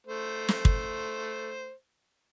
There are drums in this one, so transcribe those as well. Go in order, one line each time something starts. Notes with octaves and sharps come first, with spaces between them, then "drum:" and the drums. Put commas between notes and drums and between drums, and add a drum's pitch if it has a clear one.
A3 C5
drum: snare
drum: kick